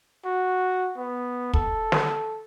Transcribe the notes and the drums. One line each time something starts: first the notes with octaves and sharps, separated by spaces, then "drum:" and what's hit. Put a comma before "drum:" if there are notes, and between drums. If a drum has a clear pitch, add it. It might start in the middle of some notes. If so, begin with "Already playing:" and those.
F#4
B3
A4, drum: kick
drum: snare